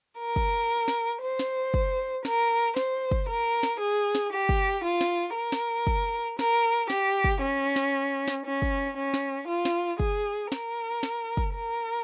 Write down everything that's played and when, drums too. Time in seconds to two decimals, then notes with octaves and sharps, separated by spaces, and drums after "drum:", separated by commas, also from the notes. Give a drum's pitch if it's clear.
0.19 A#4
0.36 drum: kick
0.88 drum: snare
1.22 C5
1.39 drum: snare
1.74 drum: kick
2.25 A#4, drum: snare
2.77 C5, drum: snare
3.11 drum: kick
3.29 A#4
3.63 drum: snare
3.80 G#4
4.15 drum: snare
4.33 G4
4.49 drum: kick
4.84 F4
5.01 drum: snare
5.35 A#4
5.52 drum: snare
5.87 drum: kick
6.39 A#4, drum: snare
6.90 G4, drum: snare
7.24 drum: kick
7.41 C#4
7.76 drum: snare
8.28 drum: snare
8.45 C#4
8.62 drum: kick
8.97 C#4
9.14 drum: snare
9.48 F4
9.65 drum: snare
10.00 G#4, drum: kick
10.52 A#4, drum: snare
11.03 drum: snare
11.37 drum: kick
11.55 A#4